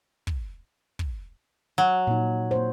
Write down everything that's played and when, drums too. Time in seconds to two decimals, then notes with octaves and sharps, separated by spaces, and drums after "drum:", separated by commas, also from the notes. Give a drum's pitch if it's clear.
0.27 drum: kick
0.99 drum: kick
1.78 F#3
2.07 A#2 D#4
2.51 A#3 C5